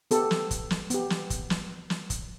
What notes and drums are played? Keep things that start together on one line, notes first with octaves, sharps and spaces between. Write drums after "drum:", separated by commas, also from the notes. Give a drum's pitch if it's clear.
B3 G4 A4, drum: hi-hat
drum: snare
drum: kick, hi-hat
drum: snare
B3 G4, drum: hi-hat
drum: snare
drum: kick, hi-hat
drum: snare
drum: snare
drum: kick, hi-hat